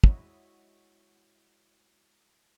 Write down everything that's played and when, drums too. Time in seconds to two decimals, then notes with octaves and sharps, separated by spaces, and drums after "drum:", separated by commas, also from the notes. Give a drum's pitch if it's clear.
0.04 G#3 E4 F#4 C#5 D#5 E5, drum: kick